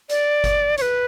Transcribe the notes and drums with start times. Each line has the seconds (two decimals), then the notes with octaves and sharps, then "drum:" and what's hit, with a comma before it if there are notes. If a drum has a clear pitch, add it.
0.10 D5, drum: hi-hat
0.44 drum: kick G1, hi-hat
0.78 C#5, drum: hi-hat
0.82 B4